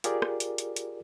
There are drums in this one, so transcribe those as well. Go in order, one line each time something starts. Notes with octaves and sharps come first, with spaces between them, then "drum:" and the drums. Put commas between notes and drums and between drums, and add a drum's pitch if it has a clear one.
F4 G4 G#4 A#4 D5, drum: hi-hat
drum: rim click
drum: hi-hat
drum: hi-hat
drum: hi-hat